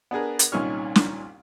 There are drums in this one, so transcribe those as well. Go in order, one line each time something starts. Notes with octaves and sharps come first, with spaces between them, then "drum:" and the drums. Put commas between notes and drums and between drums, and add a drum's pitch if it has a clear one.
B3 D4 G#4 A#4
drum: hi-hat
C2 A#2 D#3 C#4 C#6 F6
drum: snare